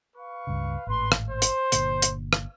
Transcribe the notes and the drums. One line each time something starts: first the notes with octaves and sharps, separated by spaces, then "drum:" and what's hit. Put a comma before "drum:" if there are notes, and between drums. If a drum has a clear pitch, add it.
B4 F5 C#6
C#2 G2 C#3
G#1 A2 B4 C6
drum: rim click
C5
drum: hi-hat
G1 A#2 D3, drum: hi-hat
drum: hi-hat
drum: rim click